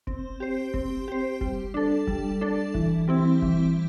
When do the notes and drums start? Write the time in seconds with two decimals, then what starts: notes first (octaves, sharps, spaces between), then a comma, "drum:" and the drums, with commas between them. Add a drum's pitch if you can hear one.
0.07 C4, drum: kick F1
0.40 G4 C5
0.74 C4, drum: kick F1
1.08 G4 C5
1.41 G3, drum: kick F1
1.74 D4 A4
2.07 G3, drum: kick F1
2.41 D4 A4
2.74 E3, drum: kick F1
3.08 G3 C4 E4
3.42 E3, drum: kick F1